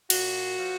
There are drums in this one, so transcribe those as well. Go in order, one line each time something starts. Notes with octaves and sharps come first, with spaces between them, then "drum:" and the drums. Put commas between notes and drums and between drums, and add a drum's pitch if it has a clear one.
A#2 F#4, drum: cymbal
F3